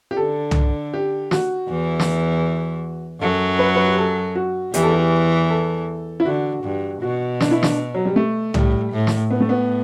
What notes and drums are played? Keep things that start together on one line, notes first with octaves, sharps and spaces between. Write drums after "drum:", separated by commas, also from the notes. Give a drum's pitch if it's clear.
G4
D3 A4
drum: tom C2
G4
F#4, drum: snare
E2 E3
drum: snare
F#2 F#3 A4
B4
B4
G4
A4
F#4
E2 E3 G4, drum: hi-hat
A4
G4
A4
E4
D3 F#4
G2
B2 F#4
D4, drum: snare
E4
D4, drum: snare
F#3
G3
A3
A2 G3, drum: tom C2
A2
drum: snare
A2 B3
A3
B3